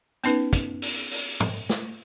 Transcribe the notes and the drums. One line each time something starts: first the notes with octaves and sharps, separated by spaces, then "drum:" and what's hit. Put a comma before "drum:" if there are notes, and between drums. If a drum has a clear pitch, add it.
B3 C#4 D#4 B4, drum: hi-hat
drum: kick, hi-hat
drum: open hi-hat
drum: open hi-hat
drum: tom
drum: snare